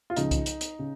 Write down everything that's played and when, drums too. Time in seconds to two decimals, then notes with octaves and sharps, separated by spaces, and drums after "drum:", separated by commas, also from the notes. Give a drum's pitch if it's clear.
0.10 F4
0.16 C#2 C#3 F3 D#4, drum: hi-hat
0.31 drum: kick C2, hi-hat
0.46 drum: hi-hat
0.61 drum: hi-hat
0.79 C#3